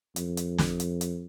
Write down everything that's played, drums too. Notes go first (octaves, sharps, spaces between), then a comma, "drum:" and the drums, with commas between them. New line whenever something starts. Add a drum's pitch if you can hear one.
F2, drum: hi-hat
drum: hi-hat
drum: snare
drum: hi-hat
drum: hi-hat